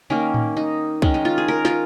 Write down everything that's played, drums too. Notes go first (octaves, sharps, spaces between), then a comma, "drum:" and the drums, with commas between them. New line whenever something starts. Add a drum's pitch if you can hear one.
D#3 A#3 C#4
drum: tom A2
D#4
D#3 G#3 C#4, drum: kick
D#4
F4
G#4
A#4
F4, drum: snare